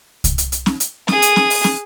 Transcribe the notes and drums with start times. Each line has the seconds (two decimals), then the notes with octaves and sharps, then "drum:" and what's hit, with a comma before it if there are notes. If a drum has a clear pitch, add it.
0.24 drum: kick C2, hi-hat
0.38 drum: hi-hat
0.52 drum: hi-hat
0.66 drum: snare
0.80 drum: hi-hat
1.08 G#4 D#6, drum: snare
1.22 drum: hi-hat
1.36 drum: snare
1.50 drum: open hi-hat
1.64 drum: snare